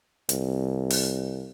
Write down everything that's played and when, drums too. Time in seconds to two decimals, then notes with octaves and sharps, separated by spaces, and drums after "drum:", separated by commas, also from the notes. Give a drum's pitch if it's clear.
0.29 C2, drum: hi-hat
0.90 drum: open hi-hat